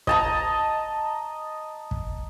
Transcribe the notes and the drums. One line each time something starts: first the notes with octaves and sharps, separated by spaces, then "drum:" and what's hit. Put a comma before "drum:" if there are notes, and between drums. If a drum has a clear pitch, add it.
D#5 A5 A#5, drum: kick
drum: kick